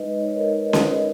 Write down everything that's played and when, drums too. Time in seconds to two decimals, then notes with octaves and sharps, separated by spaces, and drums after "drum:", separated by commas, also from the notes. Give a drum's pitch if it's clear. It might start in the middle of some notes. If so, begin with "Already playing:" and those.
Already playing: G#3 D#4 B4 D#5
0.21 C#5
0.28 D#5
0.36 A#4 C#5
0.66 C#5
0.73 B4 D#5, drum: snare C#4